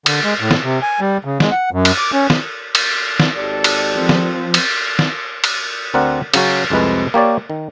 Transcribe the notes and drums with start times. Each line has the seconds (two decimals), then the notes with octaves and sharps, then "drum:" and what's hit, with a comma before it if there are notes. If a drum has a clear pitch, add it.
0.06 D3, drum: cymbal
0.24 G#3
0.40 A2
0.51 drum: snare
0.63 C3
0.82 G#5
1.00 G3
1.25 C#3
1.40 G#3, drum: snare
1.51 F#5
1.72 F#2
1.85 drum: cymbal
1.98 D6
2.13 C#4
2.30 drum: snare
2.75 drum: cymbal
3.20 drum: snare
3.35 G#1 G4 A4 D5
3.64 drum: cymbal
3.95 F3 C4
4.09 drum: snare
4.54 drum: cymbal
4.99 drum: snare
5.44 drum: cymbal
5.94 D2 C4 A#4 D5 F#5
6.34 C#3 F#3 C#4, drum: cymbal
6.70 C2 F2 C3 G#3 B4
7.14 A#3 G4 C#5 D5
7.50 D#3